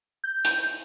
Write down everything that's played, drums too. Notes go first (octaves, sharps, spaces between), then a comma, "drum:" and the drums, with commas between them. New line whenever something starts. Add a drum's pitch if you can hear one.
G6
drum: hi-hat